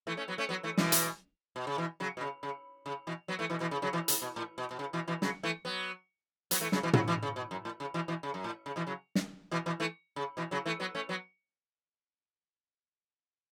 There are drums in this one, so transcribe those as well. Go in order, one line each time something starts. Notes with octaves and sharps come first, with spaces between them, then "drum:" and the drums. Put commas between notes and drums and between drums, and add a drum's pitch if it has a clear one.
E3 A3
A3 C#4
F#3 B3
A3 C#4
F#3 B3
E3 A3
B2 E3, drum: snare
drum: hi-hat
B2
C#3
B2 E3
C#3 F#3
B2
C#3
C#3
C#3
B2 E3
F#3 B3
E3 A3
B2 E3
B2 E3
C#3
C#3 F#3
B2 E3
C#3, drum: hi-hat
B2
A2
B2
B2
C#3
B2 E3
B2 E3
C#3 F#3, drum: snare
E3 A3
F#3 B3
F#3 B3, drum: hi-hat
E3 A3
C#3 F#3, drum: snare
B2 E3
C#3 F#3, drum: tom
B2 E3
C#3
B2
F#2
A2
C#3
B2 E3
B2 E3
C#3
F#2
A2
C#3
B2 E3
C#3 F#3
drum: snare
B2 E3
B2 E3
E3 A3
C#3
B2 E3
C#3 F#3
E3 A3
F#3 B3
A3 C#4
F#3 B3